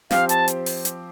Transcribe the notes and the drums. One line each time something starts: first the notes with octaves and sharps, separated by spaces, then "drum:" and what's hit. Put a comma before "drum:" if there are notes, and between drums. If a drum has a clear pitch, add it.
F3 C4 G4 C5 F5, drum: snare
A5, drum: hi-hat
drum: hi-hat
drum: open hi-hat
drum: hi-hat